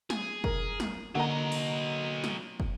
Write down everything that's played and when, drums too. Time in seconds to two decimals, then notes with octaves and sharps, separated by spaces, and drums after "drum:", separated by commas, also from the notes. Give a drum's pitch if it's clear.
0.10 G#4, drum: snare
0.44 A#4, drum: kick
0.80 drum: snare
1.15 D3 F#3 A#3 D#5 F#5 A#5
1.52 drum: open hi-hat
2.24 drum: snare
2.60 drum: kick